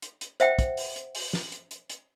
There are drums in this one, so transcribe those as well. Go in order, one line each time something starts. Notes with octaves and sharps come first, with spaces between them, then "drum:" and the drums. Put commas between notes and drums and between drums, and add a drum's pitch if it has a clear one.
drum: hi-hat
drum: hi-hat
C5 E5 F#5 G5, drum: hi-hat
drum: kick, hi-hat
drum: open hi-hat
drum: hi-hat
drum: open hi-hat
drum: snare
drum: hi-hat
drum: hi-hat
drum: hi-hat